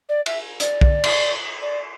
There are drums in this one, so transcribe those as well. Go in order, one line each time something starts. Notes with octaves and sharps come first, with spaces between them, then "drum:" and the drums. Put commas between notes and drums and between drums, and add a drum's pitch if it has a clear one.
D5
E5, drum: cymbal
D5, drum: hi-hat
drum: kick
drum: cymbal
D5